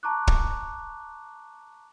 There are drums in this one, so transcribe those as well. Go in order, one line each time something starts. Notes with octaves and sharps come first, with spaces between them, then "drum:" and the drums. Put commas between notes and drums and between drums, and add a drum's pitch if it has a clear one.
A5 A#5 C#6 D6 F#6
drum: kick